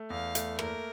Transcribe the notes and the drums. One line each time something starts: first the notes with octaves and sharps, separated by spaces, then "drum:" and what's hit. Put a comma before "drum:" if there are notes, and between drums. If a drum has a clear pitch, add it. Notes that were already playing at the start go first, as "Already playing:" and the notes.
Already playing: A3
E2 F5
A3, drum: hi-hat
A#3 A#4, drum: rim click